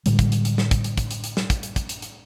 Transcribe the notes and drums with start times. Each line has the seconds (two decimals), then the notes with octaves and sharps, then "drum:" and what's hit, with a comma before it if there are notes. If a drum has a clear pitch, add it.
0.06 A2 D3 G3 G#3, drum: hi-hat
0.19 drum: kick, hi-hat
0.32 drum: hi-hat
0.45 drum: hi-hat
0.58 drum: snare
0.71 drum: kick, hi-hat
0.84 drum: hi-hat
0.97 drum: kick, hi-hat
1.11 drum: hi-hat
1.24 drum: hi-hat
1.37 drum: snare
1.50 drum: kick, hi-hat
1.63 drum: hi-hat
1.76 drum: kick, hi-hat
1.89 drum: hi-hat
2.02 drum: hi-hat